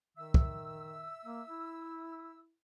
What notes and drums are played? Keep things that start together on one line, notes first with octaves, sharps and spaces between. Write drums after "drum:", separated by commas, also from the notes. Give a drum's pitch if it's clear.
D#3 E5 E6
drum: kick
A#3
E4